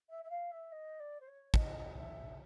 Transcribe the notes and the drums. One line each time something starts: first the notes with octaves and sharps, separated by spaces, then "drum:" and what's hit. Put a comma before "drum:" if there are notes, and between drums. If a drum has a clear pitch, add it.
E5
E5
F5
E5
D#5
D5
C5
C#5
D#5, drum: kick
E5